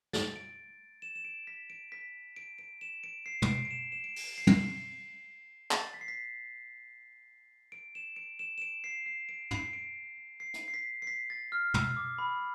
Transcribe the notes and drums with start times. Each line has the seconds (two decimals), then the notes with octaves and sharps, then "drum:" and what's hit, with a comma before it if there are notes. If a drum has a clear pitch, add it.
0.13 A6, drum: snare
0.36 D7
1.02 E7
1.15 E7
1.25 D7
1.47 B6
1.70 D7
1.92 B6
2.36 D7
2.59 D7
2.81 E7
3.04 D7
3.26 C7
3.42 C7, drum: tom
3.48 D7
3.65 D7
3.71 E7
3.92 E7
4.04 D7
4.16 drum: open hi-hat
4.38 C7
4.47 drum: tom
5.71 A6, drum: clap
5.94 B6
6.01 C7
6.08 B6
7.72 D7
7.95 E7
8.16 D7
8.39 E7
8.58 E7
8.62 D7
8.84 C7
9.06 C7
9.29 D7
9.51 C7, drum: tom
9.73 D7
10.40 C7
10.54 drum: hi-hat
10.68 C7
10.74 B6
11.02 C7
11.07 B6
11.30 A6
11.52 F6
11.74 E6, drum: tom
11.97 D6
12.18 B5